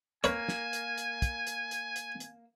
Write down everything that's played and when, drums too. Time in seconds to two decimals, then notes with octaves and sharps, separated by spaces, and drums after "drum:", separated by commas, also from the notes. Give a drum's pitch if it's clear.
0.24 A#3 B4 C#5 G#5, drum: hi-hat
0.48 drum: snare
0.73 drum: hi-hat
0.98 drum: hi-hat
1.22 drum: kick, hi-hat
1.47 drum: hi-hat
1.71 drum: hi-hat
1.96 drum: hi-hat
2.20 drum: hi-hat